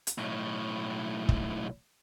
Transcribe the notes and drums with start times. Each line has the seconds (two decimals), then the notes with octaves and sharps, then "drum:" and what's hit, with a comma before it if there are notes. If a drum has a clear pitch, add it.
0.07 drum: hi-hat
0.18 B1 A2
1.29 drum: kick